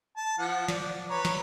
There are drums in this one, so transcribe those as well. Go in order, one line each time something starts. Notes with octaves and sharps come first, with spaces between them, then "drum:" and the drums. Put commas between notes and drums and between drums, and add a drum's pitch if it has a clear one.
A5
F3 F#5
D5, drum: snare
B4 C#5 A#5
drum: snare